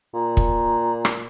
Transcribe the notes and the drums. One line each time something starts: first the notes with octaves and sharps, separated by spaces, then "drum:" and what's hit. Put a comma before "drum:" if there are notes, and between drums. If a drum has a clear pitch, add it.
A#2
drum: kick
drum: rim click